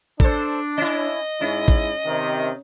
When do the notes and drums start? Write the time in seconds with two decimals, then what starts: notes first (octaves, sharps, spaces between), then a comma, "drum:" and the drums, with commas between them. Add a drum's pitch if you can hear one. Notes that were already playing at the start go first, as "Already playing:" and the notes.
0.20 D4 A4 C5, drum: kick A1
0.78 C#4 E4 D#5
1.41 G#2 C#4 E4
1.68 drum: kick A1
2.06 C3 D#3